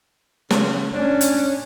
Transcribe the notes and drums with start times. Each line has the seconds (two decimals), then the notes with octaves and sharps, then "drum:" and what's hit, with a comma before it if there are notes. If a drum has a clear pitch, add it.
0.50 C#3, drum: snare
0.94 C#4 D4
1.21 drum: hi-hat